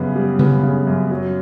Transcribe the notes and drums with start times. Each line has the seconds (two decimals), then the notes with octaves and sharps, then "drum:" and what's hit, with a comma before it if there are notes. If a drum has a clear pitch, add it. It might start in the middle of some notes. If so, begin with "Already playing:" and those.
Already playing: F#2 C#3 G3 B3
0.16 G3
0.39 B3, drum: tom C#3
0.63 C#3
0.87 F#2
1.11 F#3